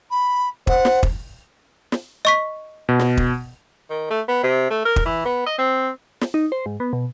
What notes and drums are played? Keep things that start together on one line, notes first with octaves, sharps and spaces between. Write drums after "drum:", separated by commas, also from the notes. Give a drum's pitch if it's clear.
B5
C5 F#5, drum: kick
drum: snare
drum: kick
drum: snare
D#5 C#6 B6
B2
drum: snare
drum: kick
D#3
A3
B3
C3
A3
A#4
drum: kick
E3
B3
D#5
C4
drum: snare
D#4
C5
G#2
B3
B2